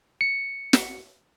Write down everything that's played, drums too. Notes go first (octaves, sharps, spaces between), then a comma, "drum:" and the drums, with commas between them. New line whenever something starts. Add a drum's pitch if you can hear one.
C#7
drum: snare